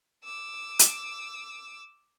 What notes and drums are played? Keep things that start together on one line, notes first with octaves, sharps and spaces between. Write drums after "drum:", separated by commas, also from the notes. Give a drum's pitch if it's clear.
D6 E6
drum: hi-hat